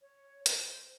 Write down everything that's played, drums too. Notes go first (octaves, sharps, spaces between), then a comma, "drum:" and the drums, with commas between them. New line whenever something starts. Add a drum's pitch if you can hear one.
C#5
C5, drum: hi-hat